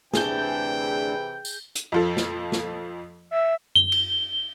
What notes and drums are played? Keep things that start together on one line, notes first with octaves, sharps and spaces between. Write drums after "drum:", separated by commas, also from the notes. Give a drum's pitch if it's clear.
D2 C3 E3 D4 G#4 G5 G6, drum: snare
drum: tambourine
drum: hi-hat
F2 F3 A4
drum: snare
drum: snare
E5
G7, drum: tom F#2
drum: cymbal